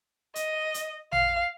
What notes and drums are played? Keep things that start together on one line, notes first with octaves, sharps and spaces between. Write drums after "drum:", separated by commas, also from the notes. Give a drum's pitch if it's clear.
D#5, drum: hi-hat
drum: hi-hat
F5, drum: tom A1